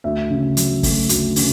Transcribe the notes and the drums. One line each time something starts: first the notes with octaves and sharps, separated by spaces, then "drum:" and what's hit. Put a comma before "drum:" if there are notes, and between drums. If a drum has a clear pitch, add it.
D2 E5
C#3
F#3, drum: hi-hat
A3, drum: kick, open hi-hat
D2, drum: hi-hat
C#3, drum: open hi-hat